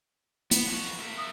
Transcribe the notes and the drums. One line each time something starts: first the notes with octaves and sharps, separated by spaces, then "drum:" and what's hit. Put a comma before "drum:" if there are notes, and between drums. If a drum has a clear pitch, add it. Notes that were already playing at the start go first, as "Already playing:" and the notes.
B3, drum: hi-hat
F2 F#4
A#3 E5
D#6